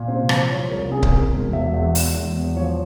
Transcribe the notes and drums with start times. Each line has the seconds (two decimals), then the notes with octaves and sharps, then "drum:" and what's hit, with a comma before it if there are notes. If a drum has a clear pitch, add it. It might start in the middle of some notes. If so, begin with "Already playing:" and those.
Already playing: A#2
0.08 C3 C5
0.29 F3 C5, drum: rim click
0.51 F3 C#5
0.70 C2 A#4
0.91 C3 G#4
1.03 drum: kick C#1
1.12 C3 A#4
1.33 E1
1.53 E1 E5
1.74 E2 E5
1.95 E2, drum: open hi-hat
2.14 E1
2.36 E2
2.56 F3 C#5